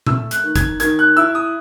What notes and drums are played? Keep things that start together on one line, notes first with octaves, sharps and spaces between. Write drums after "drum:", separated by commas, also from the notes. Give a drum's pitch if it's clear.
A3 E6, drum: tom A#2
F#6, drum: hi-hat
D#3
G#6, drum: kick, hi-hat
D#3 G#6, drum: hi-hat
F#6
E4 E6
D#6